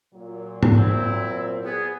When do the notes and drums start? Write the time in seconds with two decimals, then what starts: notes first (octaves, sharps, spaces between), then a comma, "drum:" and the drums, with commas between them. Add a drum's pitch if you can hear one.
0.13 A#2 F#3
0.63 drum: tom G#2
0.78 C4 E4
1.65 B3 G#4